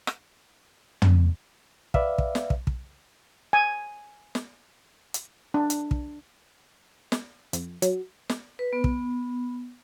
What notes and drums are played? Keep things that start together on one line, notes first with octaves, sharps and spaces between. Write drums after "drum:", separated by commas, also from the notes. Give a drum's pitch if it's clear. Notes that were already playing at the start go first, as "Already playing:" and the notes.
drum: rim click
drum: tom
B4 D5 E5 F5, drum: kick
drum: kick
drum: snare
drum: kick
drum: kick
G#5
drum: snare
drum: hi-hat
D4
drum: hi-hat
drum: kick
drum: snare
F2, drum: hi-hat
F#3, drum: hi-hat
drum: snare
B4
B3
drum: kick